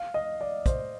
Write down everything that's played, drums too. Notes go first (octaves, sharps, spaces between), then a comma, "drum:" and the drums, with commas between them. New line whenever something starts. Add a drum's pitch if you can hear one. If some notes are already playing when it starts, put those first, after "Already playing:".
Already playing: F5
D#5
D5
C5, drum: kick, hi-hat